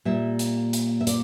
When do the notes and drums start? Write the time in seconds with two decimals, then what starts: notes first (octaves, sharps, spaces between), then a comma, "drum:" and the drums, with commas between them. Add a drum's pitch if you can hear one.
0.05 A#2 G3 A#3 E5
0.39 drum: hi-hat
0.73 drum: hi-hat
1.01 E5
1.07 D5, drum: hi-hat